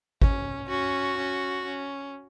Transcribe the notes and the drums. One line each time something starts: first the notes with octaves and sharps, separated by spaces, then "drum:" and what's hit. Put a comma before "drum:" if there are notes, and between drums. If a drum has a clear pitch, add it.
C#4, drum: kick
C#4 F#4
C#4
C#4